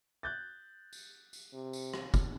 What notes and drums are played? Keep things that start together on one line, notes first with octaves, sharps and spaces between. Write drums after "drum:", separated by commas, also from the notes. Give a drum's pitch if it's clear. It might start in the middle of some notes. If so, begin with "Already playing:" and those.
F#6 G6 A6
drum: tambourine
drum: tambourine
C3
drum: tambourine
drum: rim click
drum: kick, tambourine